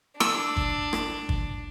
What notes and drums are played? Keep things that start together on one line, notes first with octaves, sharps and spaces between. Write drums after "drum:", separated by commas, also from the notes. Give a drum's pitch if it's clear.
D4 E6, drum: rim click
drum: kick
drum: rim click
drum: kick